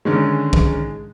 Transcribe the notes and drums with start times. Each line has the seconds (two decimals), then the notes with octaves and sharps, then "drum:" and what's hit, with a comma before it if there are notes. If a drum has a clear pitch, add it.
0.05 D3 D#3 G#3 C#4
0.53 drum: kick A#1